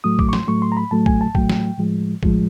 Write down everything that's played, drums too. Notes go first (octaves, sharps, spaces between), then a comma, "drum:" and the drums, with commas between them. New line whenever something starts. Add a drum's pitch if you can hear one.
A2 F#3 A3 D#6
D6, drum: kick
C#6
C6, drum: snare
A2 F#3 A3 C#6
C6
A#5
B5
A2 F#3 A3 A5
G#5, drum: kick
A5
A2 F#3 A3 G5, drum: kick
drum: snare
A2 F3 G#3
A2 F3 G#3, drum: kick